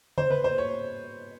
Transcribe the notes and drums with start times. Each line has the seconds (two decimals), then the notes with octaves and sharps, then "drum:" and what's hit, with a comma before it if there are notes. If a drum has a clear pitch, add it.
0.18 C5, drum: tom C#3
0.30 B4
0.44 C5
0.58 C#5